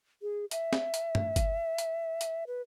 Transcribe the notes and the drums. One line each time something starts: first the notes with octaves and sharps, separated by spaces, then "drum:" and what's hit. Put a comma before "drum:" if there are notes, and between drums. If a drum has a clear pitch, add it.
G#4
E5, drum: hi-hat
drum: snare
drum: hi-hat
drum: tom
drum: kick G1, hi-hat
drum: hi-hat
drum: hi-hat
B4